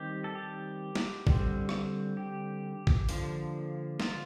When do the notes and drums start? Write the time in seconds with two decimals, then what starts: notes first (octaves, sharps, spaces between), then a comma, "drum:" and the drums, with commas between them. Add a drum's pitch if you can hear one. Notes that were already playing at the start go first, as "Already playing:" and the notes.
Already playing: D#3 G3 C4 G4
0.24 A4
0.35 G4
0.95 drum: snare
1.27 D3 G3 C4, drum: kick A1
1.69 drum: rim click
2.17 G4
2.87 drum: kick A1
3.09 D3 F3 A#3, drum: open hi-hat
4.00 F4, drum: snare